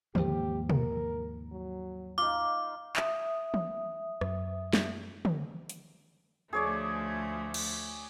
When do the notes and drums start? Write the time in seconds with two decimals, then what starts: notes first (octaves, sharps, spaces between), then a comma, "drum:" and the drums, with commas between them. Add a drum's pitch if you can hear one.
0.15 D#2 G#2 F3 G4, drum: tom
0.70 A#4, drum: tom
1.52 F#3
2.18 D#4 F4 D6
2.96 E5 D#6, drum: clap
3.54 drum: tom
4.21 F#2, drum: rim click
4.73 drum: snare
5.25 drum: tom
5.69 drum: hi-hat
6.53 D2 F3 A3 G#4 C#5 D5
7.54 drum: cymbal